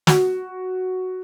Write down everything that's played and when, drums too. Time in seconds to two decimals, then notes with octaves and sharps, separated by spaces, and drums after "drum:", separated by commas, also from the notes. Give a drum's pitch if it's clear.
0.07 F#4, drum: snare